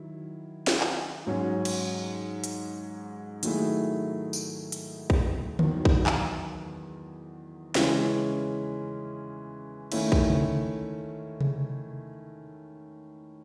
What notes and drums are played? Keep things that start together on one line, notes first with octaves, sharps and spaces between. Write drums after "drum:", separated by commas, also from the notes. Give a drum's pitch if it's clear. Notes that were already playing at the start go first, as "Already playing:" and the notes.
Already playing: D#3 F#3 E4
drum: snare
drum: clap
G#2 F#3 C#4
drum: cymbal
drum: hi-hat
D#3 F#3 A3 E4 G#4, drum: hi-hat
drum: tambourine
drum: hi-hat
drum: kick A#1
E2 D#3 F#3, drum: tom D3
drum: kick A#1
drum: clap
C#3 E3 G#3 C#4, drum: snare
D#3 A3 C#4 E4, drum: cymbal
drum: kick A#1
drum: tom C#3
drum: tom C3